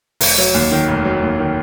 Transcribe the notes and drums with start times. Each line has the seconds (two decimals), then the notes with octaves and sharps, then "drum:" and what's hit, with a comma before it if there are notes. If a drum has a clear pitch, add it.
0.21 F1, drum: open hi-hat
0.38 F#3
0.54 D#2
0.72 D#3
0.89 F1
1.05 F#3
1.22 D#2
1.40 D#3